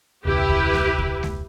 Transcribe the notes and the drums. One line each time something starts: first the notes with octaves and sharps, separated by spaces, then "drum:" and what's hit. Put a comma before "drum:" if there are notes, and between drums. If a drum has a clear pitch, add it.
E1 C#2 E4 G4 B4
drum: kick C#2
drum: snare G#3
drum: kick C#2
drum: snare G#3